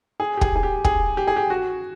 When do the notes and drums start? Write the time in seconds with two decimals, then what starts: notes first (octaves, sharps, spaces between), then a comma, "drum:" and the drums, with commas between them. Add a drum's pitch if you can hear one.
0.20 G#4
0.37 G4
0.41 G#4, drum: kick
0.56 G#4
0.63 G4
0.85 G#4, drum: kick
1.17 G4
1.27 G#4
1.36 G4
1.50 F#4